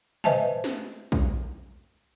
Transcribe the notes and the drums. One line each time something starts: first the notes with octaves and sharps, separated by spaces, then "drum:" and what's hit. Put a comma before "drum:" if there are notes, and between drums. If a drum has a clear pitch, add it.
B4 C5 D#5 E5 G#5 A5, drum: tom
drum: snare
drum: kick B1